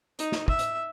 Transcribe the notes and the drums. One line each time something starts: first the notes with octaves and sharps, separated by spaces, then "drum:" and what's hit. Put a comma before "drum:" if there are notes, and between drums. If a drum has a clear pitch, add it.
D#4, drum: hi-hat
drum: snare
E5, drum: kick
drum: hi-hat